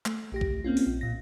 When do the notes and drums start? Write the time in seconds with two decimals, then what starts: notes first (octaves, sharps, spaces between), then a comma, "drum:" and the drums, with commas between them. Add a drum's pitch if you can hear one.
0.06 A3, drum: clap
0.32 A#1 G4 A#6
0.41 drum: kick C2
0.64 A#3 C4 C#4 F4
0.77 drum: open hi-hat
0.87 A#1
1.01 A#1 A#2 A#6